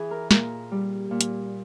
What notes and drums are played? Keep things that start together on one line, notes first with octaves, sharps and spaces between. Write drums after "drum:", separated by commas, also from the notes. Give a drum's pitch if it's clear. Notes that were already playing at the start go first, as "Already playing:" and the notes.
Already playing: E3 G#4
A#4
A#2 A#4, drum: snare
G3
A#2
drum: hi-hat